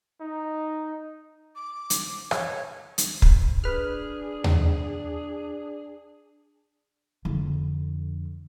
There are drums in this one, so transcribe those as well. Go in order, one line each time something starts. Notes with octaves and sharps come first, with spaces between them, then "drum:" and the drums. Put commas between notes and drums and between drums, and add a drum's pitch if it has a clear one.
D#4
D6
drum: hi-hat
C#5, drum: rim click
drum: hi-hat
drum: kick
D4 G#4 B4 F6
drum: tom D#2
F2 D3